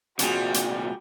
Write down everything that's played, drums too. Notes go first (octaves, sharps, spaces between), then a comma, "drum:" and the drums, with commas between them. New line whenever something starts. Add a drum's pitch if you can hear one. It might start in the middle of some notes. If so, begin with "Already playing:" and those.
C2 A#2 F3 G3 F#4 G#4, drum: hi-hat
drum: hi-hat